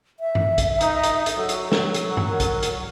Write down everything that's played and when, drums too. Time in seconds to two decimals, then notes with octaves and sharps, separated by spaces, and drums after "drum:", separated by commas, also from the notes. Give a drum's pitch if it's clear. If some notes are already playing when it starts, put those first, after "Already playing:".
0.20 E5
0.35 drum: tom G2
0.58 drum: kick, hi-hat
0.81 D#4, drum: hi-hat
1.03 drum: hi-hat
1.26 drum: hi-hat
1.36 F#3 A4
1.49 drum: hi-hat
1.72 drum: snare
1.94 drum: hi-hat
2.17 drum: tom G2
2.27 A#4
2.40 drum: kick, hi-hat
2.63 drum: hi-hat